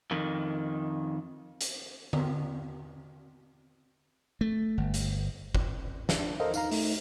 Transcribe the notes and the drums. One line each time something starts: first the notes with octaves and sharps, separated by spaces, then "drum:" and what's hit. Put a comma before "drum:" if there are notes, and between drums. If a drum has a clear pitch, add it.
F2 D#3
drum: hi-hat
drum: tom D3
A3
G1
drum: hi-hat
drum: kick
drum: snare
D4
A4 A#4 C5 D#5 F5
D#4 F5 A#5, drum: tambourine
A3 D#4, drum: open hi-hat